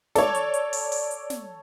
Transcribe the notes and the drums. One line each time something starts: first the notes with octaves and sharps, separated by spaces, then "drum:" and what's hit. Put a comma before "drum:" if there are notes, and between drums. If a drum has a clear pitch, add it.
A4 C#5 D5, drum: snare
drum: hi-hat
drum: hi-hat
drum: open hi-hat
drum: open hi-hat
drum: hi-hat
drum: snare